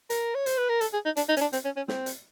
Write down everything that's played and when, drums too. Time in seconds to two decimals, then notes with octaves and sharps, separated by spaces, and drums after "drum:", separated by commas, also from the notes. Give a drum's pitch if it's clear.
0.10 A#4, drum: hi-hat
0.35 C#5
0.46 C5, drum: hi-hat
0.58 B4
0.69 A#4
0.81 A4, drum: hi-hat
0.93 G#4
1.05 D#4
1.17 D4, drum: hi-hat
1.29 D#4
1.37 C#4, drum: hi-hat
1.41 D4
1.53 C4, drum: hi-hat
1.65 C#4
1.76 C#4
1.88 C4, drum: snare
2.06 drum: hi-hat